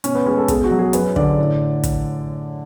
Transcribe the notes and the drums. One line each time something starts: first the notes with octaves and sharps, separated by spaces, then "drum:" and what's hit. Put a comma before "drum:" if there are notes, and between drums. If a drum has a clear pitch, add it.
B2 C#4, drum: hi-hat
B3
G#3 C#4
A4
B2 G#4, drum: kick, hi-hat
F#4
F#3
G#4
F#2 B4, drum: hi-hat
D3 D5, drum: kick
A2
drum: kick, hi-hat